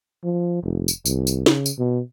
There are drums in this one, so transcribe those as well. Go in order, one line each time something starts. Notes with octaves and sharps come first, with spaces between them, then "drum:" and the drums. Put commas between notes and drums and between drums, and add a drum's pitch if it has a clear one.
F3
F1
drum: tambourine
C2, drum: tambourine
drum: tambourine
C#3, drum: snare
drum: tambourine
B2